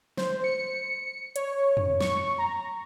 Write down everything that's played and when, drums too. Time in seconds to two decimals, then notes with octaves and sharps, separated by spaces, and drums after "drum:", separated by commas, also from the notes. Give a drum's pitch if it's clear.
0.17 C5, drum: snare
0.44 C#7
1.36 C#5, drum: hi-hat
1.77 drum: tom F2
2.00 C#6, drum: snare
2.38 A#5